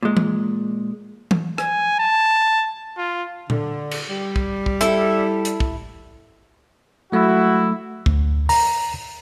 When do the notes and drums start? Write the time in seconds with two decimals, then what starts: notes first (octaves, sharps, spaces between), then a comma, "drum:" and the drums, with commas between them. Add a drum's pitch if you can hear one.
0.03 A#2 G#3
0.17 drum: tom E3
1.31 drum: tom E3
1.58 G#5, drum: rim click
1.99 A5
2.98 F4
3.50 D3, drum: tom A#2
3.91 drum: cymbal
4.10 G3
4.36 drum: kick
4.66 drum: kick
4.81 E4 A4, drum: hi-hat
5.45 drum: hi-hat
5.60 drum: kick
7.12 F#3 A3 E4 F#4
8.06 D2, drum: kick
8.49 A#5, drum: open hi-hat